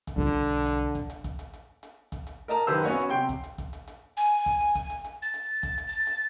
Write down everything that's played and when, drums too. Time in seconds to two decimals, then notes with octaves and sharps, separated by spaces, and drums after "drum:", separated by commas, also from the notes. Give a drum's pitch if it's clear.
0.07 drum: kick, hi-hat
0.16 B1 D3 G3
0.66 drum: hi-hat
0.95 drum: kick, hi-hat
1.10 drum: hi-hat
1.24 drum: kick, hi-hat
1.39 drum: hi-hat
1.54 drum: hi-hat
1.83 drum: hi-hat
2.12 drum: kick, hi-hat
2.27 drum: hi-hat
2.48 A#4 D#5 A5 A#5
2.67 F#2 D#3 G4 B4 C5 E6
2.83 B3 C#4 F#4 C#5 D#5 F#5
3.00 drum: hi-hat
3.09 C3 G5 C6
3.29 drum: kick, hi-hat
3.44 drum: hi-hat
3.58 drum: kick, hi-hat
3.73 drum: hi-hat
3.88 drum: hi-hat
4.17 G#5
4.46 drum: kick, hi-hat
4.61 drum: hi-hat
4.75 drum: kick, hi-hat
4.90 drum: hi-hat
5.05 drum: hi-hat
5.22 A6
5.34 drum: hi-hat
5.63 drum: kick, hi-hat
5.78 drum: hi-hat
5.87 A6
6.07 drum: hi-hat